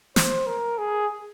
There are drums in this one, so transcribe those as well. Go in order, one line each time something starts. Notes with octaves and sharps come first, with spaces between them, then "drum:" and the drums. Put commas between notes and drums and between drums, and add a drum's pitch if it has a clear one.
C5, drum: snare
A#4
G#4